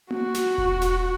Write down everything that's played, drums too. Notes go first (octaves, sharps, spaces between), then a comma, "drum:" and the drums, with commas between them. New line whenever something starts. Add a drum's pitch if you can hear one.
F#4, drum: tom A#3
drum: snare
drum: kick E1
drum: snare